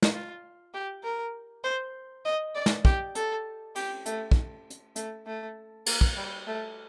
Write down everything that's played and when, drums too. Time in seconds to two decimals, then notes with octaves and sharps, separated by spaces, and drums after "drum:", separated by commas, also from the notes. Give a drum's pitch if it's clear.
0.02 drum: snare
0.12 F4
0.74 G4
1.03 A#4
1.64 C5
2.25 D#5
2.55 D5
2.66 drum: snare
2.85 G4, drum: kick
3.15 A4, drum: hi-hat
3.76 G4, drum: cymbal
4.06 A3, drum: hi-hat
4.31 drum: kick
4.70 drum: hi-hat
4.96 A3, drum: hi-hat
5.27 A3
5.86 A#3, drum: cymbal
6.01 drum: kick
6.17 G3
6.47 A3